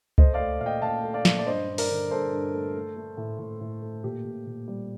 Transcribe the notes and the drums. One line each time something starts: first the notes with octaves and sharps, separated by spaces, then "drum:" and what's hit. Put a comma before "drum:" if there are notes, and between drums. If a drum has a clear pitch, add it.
A3 C5 D#5, drum: kick C#2
D5 F5
A3
A#2 F5
D#5 G5
A#2 F5 A5
A3
D5 F5
A#2, drum: snare
D5
G2 C5 D#5
G2
A#4 D5, drum: open hi-hat
D3
G2 A4 C5
G2
A3
A3
A3
A2
A2
A2
A3
A#2 G4
A#2
A#2
G3